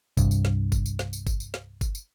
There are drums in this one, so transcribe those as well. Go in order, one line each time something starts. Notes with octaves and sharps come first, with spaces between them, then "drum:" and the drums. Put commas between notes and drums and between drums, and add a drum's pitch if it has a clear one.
C2 G2, drum: kick G1, tambourine
drum: tambourine
drum: snare
drum: kick G1, tambourine
drum: tambourine
drum: snare
drum: tambourine
drum: kick G1, tambourine
drum: tambourine
drum: snare
drum: kick G1, tambourine
drum: tambourine